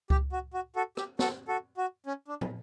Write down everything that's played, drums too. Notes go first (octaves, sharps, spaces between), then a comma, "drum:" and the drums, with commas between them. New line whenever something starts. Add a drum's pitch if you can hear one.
G4, drum: kick C#2
F#4
F#4
F#4 A4
G4, drum: rim click
F#4 A4, drum: snare
F#4 A4
F#4
C#4
D4
drum: tom